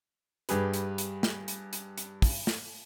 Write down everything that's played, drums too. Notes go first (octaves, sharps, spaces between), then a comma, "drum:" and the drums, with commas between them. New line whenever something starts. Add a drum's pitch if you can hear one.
G2 G4 G#4 B4, drum: hi-hat
drum: hi-hat
drum: hi-hat
drum: snare
drum: hi-hat
drum: hi-hat
drum: hi-hat
drum: kick, open hi-hat
drum: snare